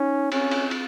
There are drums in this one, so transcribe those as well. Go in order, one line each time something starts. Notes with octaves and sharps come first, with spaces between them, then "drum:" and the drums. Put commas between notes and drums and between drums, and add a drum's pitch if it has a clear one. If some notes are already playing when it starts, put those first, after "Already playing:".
Already playing: C#4 D#4
C4 C#4, drum: cymbal
drum: cymbal
drum: cymbal